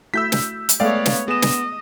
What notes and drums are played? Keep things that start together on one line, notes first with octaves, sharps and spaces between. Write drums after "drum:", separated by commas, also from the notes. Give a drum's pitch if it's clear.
A3 E4 F#4 E6 G6 B6
drum: snare
drum: hi-hat
G#3 A3 B3 C#5 D5 F5 G5
drum: snare
B3 G#4 D#5 E7
drum: snare